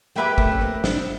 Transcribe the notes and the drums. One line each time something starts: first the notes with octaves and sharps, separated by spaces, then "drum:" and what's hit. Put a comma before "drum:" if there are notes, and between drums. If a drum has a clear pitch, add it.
G#3 A#3 G4 B4 E5 G5
A3 B3, drum: kick
C#4
A#3 C4
C4 D4, drum: snare